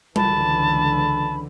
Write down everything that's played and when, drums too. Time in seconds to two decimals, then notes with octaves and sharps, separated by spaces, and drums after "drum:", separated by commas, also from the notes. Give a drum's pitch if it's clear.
0.16 C#2 D3 E3 A5 B5, drum: tom G3